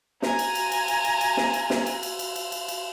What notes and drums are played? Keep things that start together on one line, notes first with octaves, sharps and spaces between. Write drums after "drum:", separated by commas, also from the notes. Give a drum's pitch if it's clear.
G#5 A#5, drum: snare
drum: cymbal
drum: cymbal
drum: cymbal
drum: cymbal
drum: cymbal
drum: cymbal
drum: snare
drum: cymbal
drum: snare
drum: cymbal
drum: cymbal
drum: cymbal
drum: cymbal
drum: cymbal
drum: cymbal